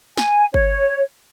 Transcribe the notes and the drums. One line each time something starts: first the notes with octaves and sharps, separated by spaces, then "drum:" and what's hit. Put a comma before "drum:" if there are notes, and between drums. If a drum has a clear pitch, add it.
G#5, drum: snare
C#5, drum: kick G1